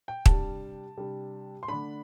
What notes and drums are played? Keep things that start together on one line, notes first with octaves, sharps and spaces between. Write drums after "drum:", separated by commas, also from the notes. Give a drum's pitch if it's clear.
G5
C3 G3 D4 A5, drum: kick
C3 G3 D4
C6
D3 A3 D4 B5